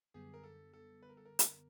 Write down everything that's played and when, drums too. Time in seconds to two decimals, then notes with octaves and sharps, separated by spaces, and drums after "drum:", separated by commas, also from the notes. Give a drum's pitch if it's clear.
0.14 F#2 D3 G3 B3 G#4
0.34 A#4
0.44 A4
0.73 A4
1.02 B4
1.09 A#4
1.17 A4
1.25 A#4
1.39 drum: hi-hat